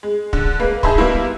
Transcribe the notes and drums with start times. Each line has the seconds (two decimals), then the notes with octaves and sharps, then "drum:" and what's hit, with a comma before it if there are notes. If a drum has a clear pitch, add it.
0.03 G#3
0.33 D3 G#3, drum: kick
0.60 G#3 A#3 B4
0.83 D#4 G#4 E5 A5 B5 C6, drum: kick
0.98 G3 A#3 B3 E4